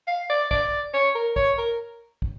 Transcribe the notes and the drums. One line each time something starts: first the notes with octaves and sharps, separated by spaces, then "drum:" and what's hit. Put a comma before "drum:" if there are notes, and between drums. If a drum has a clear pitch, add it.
F5
D5
D5, drum: kick
C#5
A#4
C#5, drum: kick
A#4
drum: kick